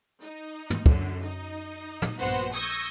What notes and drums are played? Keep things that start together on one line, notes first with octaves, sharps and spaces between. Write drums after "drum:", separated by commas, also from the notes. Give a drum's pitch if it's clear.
D#4
drum: tom
F#2 D3, drum: kick
D#4
drum: tom
A#1 G2 B3 F#4 C5 F#5
C#6 D#6 E6 G6 G#6 A#6